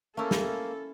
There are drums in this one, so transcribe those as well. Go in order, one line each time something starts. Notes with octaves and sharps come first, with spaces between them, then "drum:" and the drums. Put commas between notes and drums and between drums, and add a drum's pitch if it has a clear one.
A3 A#3 C#4 E4 A4
drum: snare